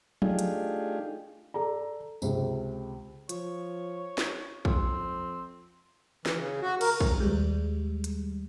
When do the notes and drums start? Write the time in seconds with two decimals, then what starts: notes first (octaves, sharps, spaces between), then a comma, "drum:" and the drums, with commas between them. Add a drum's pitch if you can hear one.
0.22 A3 D4 D#4 F4 G4 G#4, drum: tom F3
0.39 drum: hi-hat
1.54 A4 D5 A#5
2.22 C#2 C3, drum: tambourine
3.29 F3 C#5, drum: hi-hat
4.18 drum: snare
4.65 F2 C4, drum: kick A#1
6.26 E3, drum: snare
6.37 C#3
6.62 F#4
6.81 A#4, drum: cymbal
7.00 drum: kick A#1
7.20 D#2 G3 G#3
8.04 drum: hi-hat